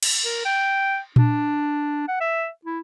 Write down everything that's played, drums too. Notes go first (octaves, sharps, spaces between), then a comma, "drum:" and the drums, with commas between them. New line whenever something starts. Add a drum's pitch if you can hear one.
drum: cymbal
A#4
G5
D4, drum: tom A#2
F#5
E5
E4